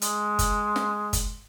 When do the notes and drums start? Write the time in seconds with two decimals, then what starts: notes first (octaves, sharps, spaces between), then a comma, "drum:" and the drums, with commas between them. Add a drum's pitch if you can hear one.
0.02 G#3, drum: hi-hat
0.39 drum: kick, hi-hat
0.76 drum: snare
1.13 drum: kick, hi-hat